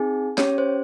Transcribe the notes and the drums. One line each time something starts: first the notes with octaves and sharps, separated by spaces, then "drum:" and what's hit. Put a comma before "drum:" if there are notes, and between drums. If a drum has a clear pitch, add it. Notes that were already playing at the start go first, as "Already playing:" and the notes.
Already playing: C4 D#4 G#4 G#5
C#4 G4 C#5, drum: snare
C5